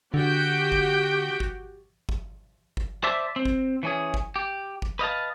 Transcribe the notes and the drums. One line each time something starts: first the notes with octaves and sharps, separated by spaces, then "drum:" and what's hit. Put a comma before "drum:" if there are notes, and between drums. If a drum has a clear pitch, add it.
D3 F#4 G4 G5
drum: kick G1
drum: kick G1
drum: kick G1
drum: kick G1
C5 D5 E5 A5
C4
drum: kick G1
E3 C#4 G#4
drum: kick G1
G4
drum: kick G1
B4 D#5 F5 A5